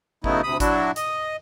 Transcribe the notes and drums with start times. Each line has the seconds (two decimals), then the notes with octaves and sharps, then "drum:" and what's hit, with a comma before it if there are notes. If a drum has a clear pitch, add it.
0.24 C#3 F#3 A3 B3 D#4 E4, drum: kick G#1
0.43 D2 C3 B5 D#6
0.60 F#3 D4 E4 F#4, drum: kick G#1, hi-hat
0.96 D#5, drum: hi-hat